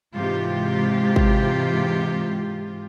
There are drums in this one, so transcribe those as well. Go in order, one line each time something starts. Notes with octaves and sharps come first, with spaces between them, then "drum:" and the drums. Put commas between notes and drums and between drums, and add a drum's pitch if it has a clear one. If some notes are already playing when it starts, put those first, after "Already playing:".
G#2 C3 E3 F4 G4
drum: kick G#1